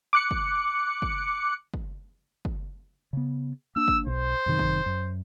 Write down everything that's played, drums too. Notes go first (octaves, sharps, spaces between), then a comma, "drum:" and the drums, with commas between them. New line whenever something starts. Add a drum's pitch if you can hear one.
D6 F#6 C#7
drum: kick
drum: kick
drum: kick
drum: kick
C#3 B3
A#3 D4 E6
drum: kick
B1 C5
F#2 C3 D#3
drum: kick
F#2